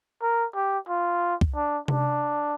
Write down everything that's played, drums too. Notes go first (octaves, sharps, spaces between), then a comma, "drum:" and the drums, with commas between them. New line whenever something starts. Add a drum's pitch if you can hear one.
A#4
G4
F4
drum: kick C2
D4
D4, drum: tom C3